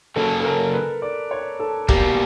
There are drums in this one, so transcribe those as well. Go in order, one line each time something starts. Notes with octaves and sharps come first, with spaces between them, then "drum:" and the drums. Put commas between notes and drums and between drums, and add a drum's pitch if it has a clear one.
C#3 F#3 A#3 C#4 A4
A4
A#4
B4
D5
C#5
A4
B2 G3 A#3 G4, drum: kick